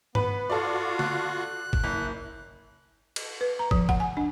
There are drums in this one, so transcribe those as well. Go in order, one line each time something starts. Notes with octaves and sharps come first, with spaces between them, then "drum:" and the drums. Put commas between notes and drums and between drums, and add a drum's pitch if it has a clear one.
B3 B4, drum: tom G2
F4 F#4 A4 D5
F#6, drum: snare
drum: kick
F#1 E4
drum: cymbal
B4
A#5
F3, drum: kick
F#5, drum: kick
G#5
D4